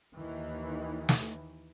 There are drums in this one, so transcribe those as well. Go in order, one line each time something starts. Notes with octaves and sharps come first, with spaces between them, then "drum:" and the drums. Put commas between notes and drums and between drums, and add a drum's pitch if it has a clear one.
D#2 D#3 E3
drum: snare